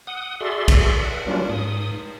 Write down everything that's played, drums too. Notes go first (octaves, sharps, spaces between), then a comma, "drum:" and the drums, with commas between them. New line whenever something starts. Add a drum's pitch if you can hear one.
F#5 D#6
F#4 G#4 A4 D5 E5 C6
drum: kick B1, cymbal
E5 F#5
F#3 G3 A#3 C#4 D4 F4
G#2 D#6